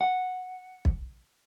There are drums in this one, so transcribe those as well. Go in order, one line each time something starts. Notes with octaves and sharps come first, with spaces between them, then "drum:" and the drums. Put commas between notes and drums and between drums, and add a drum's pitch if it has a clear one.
F#5
drum: kick